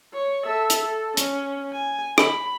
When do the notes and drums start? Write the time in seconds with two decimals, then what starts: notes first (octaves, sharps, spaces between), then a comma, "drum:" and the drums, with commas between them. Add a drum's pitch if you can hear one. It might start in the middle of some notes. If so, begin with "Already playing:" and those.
0.14 C#5
0.45 A4 E5
0.70 drum: hi-hat
0.83 A4
1.17 C#4, drum: hi-hat
1.73 G#5
2.18 B5, drum: rim click